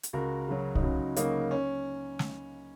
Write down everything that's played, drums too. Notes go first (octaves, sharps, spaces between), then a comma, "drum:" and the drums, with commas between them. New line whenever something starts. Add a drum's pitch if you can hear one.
drum: hi-hat
C#2 F#4 A#4
C#3 F#3
D#4, drum: kick
C#2 C#4 F#4
C#3 F#3 A#3 D#4, drum: hi-hat
C#4
drum: snare